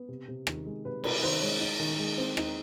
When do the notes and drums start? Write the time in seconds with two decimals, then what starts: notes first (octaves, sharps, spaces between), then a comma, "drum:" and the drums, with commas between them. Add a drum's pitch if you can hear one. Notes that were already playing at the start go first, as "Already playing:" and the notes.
Already playing: B3
0.08 C3
0.28 C3
0.47 D#3, drum: rim click
0.66 G#3
0.85 C3 B4
1.04 C3 B4, drum: cymbal
1.23 D#3 C5
1.41 G#3 C#5
1.61 D#4
1.80 D#3
1.99 G#3
2.18 C4
2.37 D#4, drum: rim click